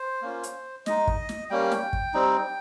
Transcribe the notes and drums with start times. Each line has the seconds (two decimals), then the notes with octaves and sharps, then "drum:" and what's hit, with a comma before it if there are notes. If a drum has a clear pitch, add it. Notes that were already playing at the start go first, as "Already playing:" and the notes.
Already playing: C5
0.22 A#3 C#4 F4
0.43 drum: hi-hat
0.86 G#3 D#4 D#5, drum: snare
1.07 drum: kick
1.29 drum: snare
1.50 G3 A#3 C#4 G5
1.72 drum: snare
1.93 drum: kick
2.14 G3 C4 D#4